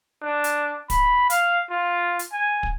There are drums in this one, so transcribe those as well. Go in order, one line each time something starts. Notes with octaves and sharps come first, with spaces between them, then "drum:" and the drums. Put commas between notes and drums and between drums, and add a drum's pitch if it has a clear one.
D4
drum: hi-hat
B5, drum: kick, hi-hat
F5, drum: hi-hat
F4
drum: hi-hat
G#5
drum: kick